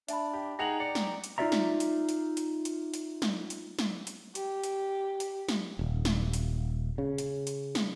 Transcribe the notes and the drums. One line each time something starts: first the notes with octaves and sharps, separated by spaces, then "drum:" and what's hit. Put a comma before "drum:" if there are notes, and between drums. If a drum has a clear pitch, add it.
D4 E5 A5 B5, drum: hi-hat
G4
D#4 G#4 F#5 G5 A#5 A#6 F7 F#7
D5 C#7
drum: snare
drum: hi-hat
D#4 F4 G4 D5 E5 A#5
drum: snare
drum: hi-hat
drum: hi-hat
drum: hi-hat
drum: hi-hat
drum: hi-hat
drum: snare
drum: hi-hat
drum: snare
drum: hi-hat
G4, drum: hi-hat
drum: hi-hat
drum: hi-hat
drum: snare
D#1
drum: snare
drum: hi-hat
C#3
drum: hi-hat
drum: hi-hat
drum: snare